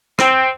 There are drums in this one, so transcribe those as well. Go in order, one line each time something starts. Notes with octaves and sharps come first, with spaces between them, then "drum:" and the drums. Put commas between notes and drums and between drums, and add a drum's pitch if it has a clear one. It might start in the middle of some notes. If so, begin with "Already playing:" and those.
C4, drum: rim click